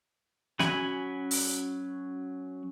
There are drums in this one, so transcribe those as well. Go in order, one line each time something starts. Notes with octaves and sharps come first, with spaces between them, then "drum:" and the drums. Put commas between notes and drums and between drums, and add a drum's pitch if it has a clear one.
F#3 C#4 F#4 G#5 B5, drum: snare
drum: open hi-hat